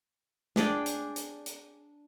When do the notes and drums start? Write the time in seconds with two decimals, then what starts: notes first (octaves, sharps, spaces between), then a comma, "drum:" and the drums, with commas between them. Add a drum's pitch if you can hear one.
0.56 D4 G#4 D5 G5, drum: snare
0.86 drum: hi-hat
1.16 drum: hi-hat
1.46 drum: hi-hat